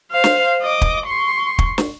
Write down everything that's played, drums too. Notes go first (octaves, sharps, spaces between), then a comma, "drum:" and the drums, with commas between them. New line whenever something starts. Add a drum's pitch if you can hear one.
C5 F5
drum: snare
D#5 D6
drum: kick
C6 C#6
drum: kick
drum: snare